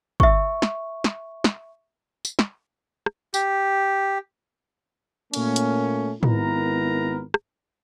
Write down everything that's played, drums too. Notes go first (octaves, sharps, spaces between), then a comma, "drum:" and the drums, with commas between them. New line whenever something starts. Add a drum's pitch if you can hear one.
E5 C#6, drum: kick
drum: snare
drum: snare
drum: snare
drum: tambourine
drum: snare
drum: rim click
G4, drum: tambourine
A#2 A3 A#3 C#4, drum: cymbal
drum: hi-hat
G#1 B3 E4 A#4 B4 A#5, drum: tom
drum: rim click